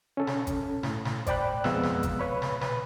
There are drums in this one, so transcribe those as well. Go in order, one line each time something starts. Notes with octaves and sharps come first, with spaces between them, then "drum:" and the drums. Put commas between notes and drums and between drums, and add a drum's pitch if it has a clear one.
C#4 A4
drum: snare
drum: kick, hi-hat
A2, drum: snare
drum: snare
C5 D5 G5 B5 F#6, drum: kick, hi-hat
F2 G#3 B3 F5 E6 F#6, drum: snare
drum: snare
drum: kick, hi-hat
B4 C#5 B5
drum: snare
B4, drum: snare